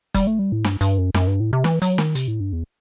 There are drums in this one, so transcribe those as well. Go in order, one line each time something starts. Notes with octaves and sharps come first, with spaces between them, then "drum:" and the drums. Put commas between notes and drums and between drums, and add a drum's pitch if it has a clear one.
G3, drum: kick F#1, hi-hat
A3
G3
A2
G2, drum: snare
G2, drum: hi-hat
F#2
F#2, drum: snare
G2
A2
C3
E3, drum: snare
F#3, drum: hi-hat
D#3, drum: snare
C3, drum: hi-hat
A2
G2
E2